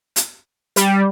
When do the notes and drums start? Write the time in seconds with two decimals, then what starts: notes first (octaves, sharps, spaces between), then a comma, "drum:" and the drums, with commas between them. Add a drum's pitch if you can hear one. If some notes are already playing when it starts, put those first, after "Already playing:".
0.16 drum: hi-hat
0.76 G3, drum: hi-hat